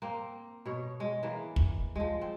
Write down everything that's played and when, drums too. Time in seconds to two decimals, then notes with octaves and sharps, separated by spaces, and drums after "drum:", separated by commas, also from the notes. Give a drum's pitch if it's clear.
0.02 A#3 C4
0.66 B2 C#5
1.00 G#3
1.23 E3 A#3
1.56 drum: kick
1.96 F3 G#3
2.21 C4